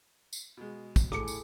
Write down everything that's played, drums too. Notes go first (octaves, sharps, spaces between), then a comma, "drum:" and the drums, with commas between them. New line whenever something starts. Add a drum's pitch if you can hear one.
drum: tambourine
B2 G#3
drum: kick, tambourine
A2 G#4 A4 D6 C#7, drum: rim click
drum: tambourine